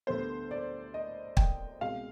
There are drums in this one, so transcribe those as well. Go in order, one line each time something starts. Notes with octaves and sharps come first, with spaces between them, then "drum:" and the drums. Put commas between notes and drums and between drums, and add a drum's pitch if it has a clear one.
D2 D3 G3 B3 C5
D5
D#5
G5, drum: kick
C2 B2 G#3 F5